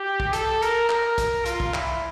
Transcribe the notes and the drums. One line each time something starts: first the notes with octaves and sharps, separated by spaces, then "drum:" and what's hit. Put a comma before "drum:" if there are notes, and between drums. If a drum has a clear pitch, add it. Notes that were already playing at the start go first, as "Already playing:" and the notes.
Already playing: G4
drum: kick
A4, drum: hi-hat
A#4, drum: hi-hat
A#4, drum: clap
drum: kick, hi-hat
F4, drum: hi-hat
drum: kick
E4, drum: clap